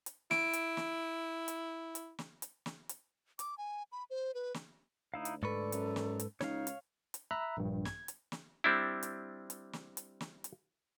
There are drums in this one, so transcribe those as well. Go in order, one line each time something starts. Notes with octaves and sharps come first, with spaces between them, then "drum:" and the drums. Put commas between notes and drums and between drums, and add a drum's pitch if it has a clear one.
drum: hi-hat
E4 D7, drum: snare
drum: hi-hat
drum: snare
drum: hi-hat
drum: hi-hat
drum: snare
drum: hi-hat
drum: snare
drum: hi-hat
D6, drum: hi-hat
G#5
B5
C5
B4
drum: snare
D2 D#4 E4 F5
drum: hi-hat
G#2 A4 B4 D5 C#6
F#2, drum: hi-hat
drum: snare
drum: hi-hat
C#2 D#4 C#5 F5, drum: snare
drum: hi-hat
drum: hi-hat
E5 A#5 B5 E6 F#6
A#1 G2
G#6, drum: snare
drum: hi-hat
drum: snare
G3 C4 D4 E4
drum: hi-hat
drum: hi-hat
drum: snare
drum: hi-hat
drum: snare
drum: hi-hat